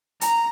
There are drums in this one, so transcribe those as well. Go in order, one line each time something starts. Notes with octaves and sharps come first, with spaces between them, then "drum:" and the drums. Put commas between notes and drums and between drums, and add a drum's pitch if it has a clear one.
A#5, drum: hi-hat